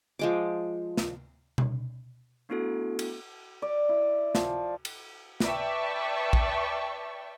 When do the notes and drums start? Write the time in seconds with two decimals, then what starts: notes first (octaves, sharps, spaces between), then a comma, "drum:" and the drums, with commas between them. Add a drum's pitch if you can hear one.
0.19 F3 G#3 D6
0.97 drum: snare
1.58 drum: tom B2
2.49 A3 B3 D4 E4 F#4 A4
2.99 drum: cymbal
3.62 D5
3.89 E4
4.35 F3, drum: snare
4.85 drum: cymbal
5.40 B4 D5 E5 G5 A5 C#6, drum: snare
6.33 drum: kick